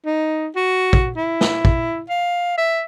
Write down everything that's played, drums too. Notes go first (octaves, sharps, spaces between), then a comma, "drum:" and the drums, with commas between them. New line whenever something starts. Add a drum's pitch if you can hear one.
D#4
F#4
drum: kick
E4
drum: snare
drum: kick
F5
E5